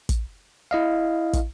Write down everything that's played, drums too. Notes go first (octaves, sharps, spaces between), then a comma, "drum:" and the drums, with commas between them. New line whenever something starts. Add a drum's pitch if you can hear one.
drum: kick, hi-hat
E4 D#5 F5
drum: kick, hi-hat